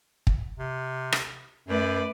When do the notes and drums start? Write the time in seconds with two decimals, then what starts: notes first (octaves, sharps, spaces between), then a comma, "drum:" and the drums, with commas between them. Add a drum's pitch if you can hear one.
0.27 drum: kick
0.59 C3
1.12 drum: rim click
1.68 F#2 A3 B4 D5